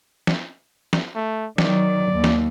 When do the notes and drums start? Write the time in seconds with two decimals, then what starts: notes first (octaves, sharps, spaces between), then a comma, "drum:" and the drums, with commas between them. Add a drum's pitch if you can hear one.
0.27 drum: snare
0.93 drum: snare
1.15 A3
1.58 D#3 F#3 D5, drum: snare
2.12 D#2
2.24 drum: snare